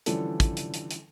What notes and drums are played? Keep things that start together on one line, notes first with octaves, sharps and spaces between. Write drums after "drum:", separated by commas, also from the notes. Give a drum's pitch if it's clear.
D3 E3 F3 G3 C#4 A4, drum: hi-hat
drum: kick, hi-hat
drum: hi-hat
drum: hi-hat
drum: hi-hat